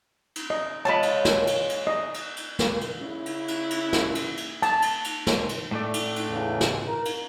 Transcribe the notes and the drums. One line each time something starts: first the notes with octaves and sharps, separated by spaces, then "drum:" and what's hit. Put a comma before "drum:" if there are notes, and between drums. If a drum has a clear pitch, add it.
drum: cymbal
D#5
G#3 F4 C#5 A5 B5
drum: cymbal
drum: snare
drum: cymbal
drum: cymbal
D#5
drum: cymbal
drum: cymbal
drum: snare
drum: cymbal
C#3 E4
drum: cymbal
drum: cymbal
drum: cymbal
drum: snare
drum: cymbal
drum: cymbal
A5, drum: cymbal
drum: cymbal
drum: cymbal
drum: snare
drum: cymbal
A2 A3 D5
drum: cymbal
drum: cymbal
E2 C#3
drum: snare
A#4
drum: cymbal